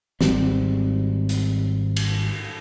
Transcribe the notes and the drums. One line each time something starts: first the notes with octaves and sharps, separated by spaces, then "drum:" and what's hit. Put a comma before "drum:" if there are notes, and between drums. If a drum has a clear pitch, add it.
G#1 G#2 G3 C4, drum: snare
drum: hi-hat
drum: cymbal